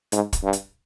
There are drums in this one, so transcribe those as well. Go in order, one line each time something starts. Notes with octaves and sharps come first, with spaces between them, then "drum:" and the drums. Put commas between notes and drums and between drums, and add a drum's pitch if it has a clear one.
G#2, drum: hi-hat
drum: kick, hi-hat
G2
drum: hi-hat